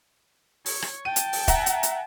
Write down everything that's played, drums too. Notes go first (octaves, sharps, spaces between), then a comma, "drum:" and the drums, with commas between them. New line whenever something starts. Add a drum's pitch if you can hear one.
C#5, drum: open hi-hat
drum: rim click
G5 A5 D#7
drum: hi-hat
drum: open hi-hat
E5 F#5 A#5, drum: kick, hi-hat
drum: hi-hat
drum: hi-hat